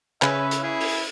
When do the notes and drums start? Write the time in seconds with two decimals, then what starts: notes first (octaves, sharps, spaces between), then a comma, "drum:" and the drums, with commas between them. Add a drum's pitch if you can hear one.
0.22 C#3 C#4 B4 E5 G#5, drum: clap
0.51 drum: hi-hat
0.63 E4 G#4
0.81 drum: open hi-hat